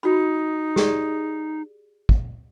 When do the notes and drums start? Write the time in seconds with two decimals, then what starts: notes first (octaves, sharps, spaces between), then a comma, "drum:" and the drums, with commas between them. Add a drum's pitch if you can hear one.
0.03 D#4 F#4 B5
0.76 G4 G#4 D5, drum: snare
2.09 drum: kick